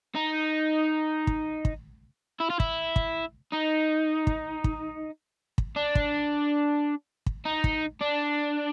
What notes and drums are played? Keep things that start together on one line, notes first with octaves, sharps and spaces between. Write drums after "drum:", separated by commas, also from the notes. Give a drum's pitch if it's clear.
D#4
drum: kick
drum: kick
E4
F4
E4, drum: kick
drum: kick
D#4
drum: kick
drum: kick
drum: kick
D4
drum: kick
drum: kick
D#4
drum: kick
D4